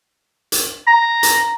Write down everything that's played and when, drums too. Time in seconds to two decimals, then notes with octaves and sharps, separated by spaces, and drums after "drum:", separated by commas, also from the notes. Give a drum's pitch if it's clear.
0.52 drum: hi-hat
0.87 A#5
1.23 drum: hi-hat